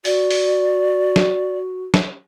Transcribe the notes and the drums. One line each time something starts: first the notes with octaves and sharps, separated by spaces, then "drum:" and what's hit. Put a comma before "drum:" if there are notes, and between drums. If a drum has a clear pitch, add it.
F#4 D5, drum: open hi-hat
drum: open hi-hat
drum: snare
drum: snare